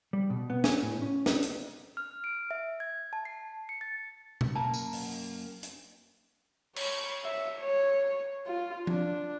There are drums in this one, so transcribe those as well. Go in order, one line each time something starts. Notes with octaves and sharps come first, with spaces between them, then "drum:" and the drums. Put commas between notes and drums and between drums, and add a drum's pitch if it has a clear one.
G3
B2
B3
G#5, drum: snare
A2
C#4
D#5, drum: snare
drum: hi-hat
F6
D7
E5
G#6
A5
C7
C#7
A6
drum: tom B2
F#2 A#3 A5 A#5
drum: tambourine
drum: open hi-hat
drum: hi-hat
C#5, drum: cymbal
E5
C#5
F4
D4, drum: tom